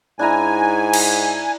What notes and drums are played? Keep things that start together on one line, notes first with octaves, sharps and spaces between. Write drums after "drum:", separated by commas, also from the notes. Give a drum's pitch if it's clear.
G#2 D4 E4 G#5 A#5
drum: cymbal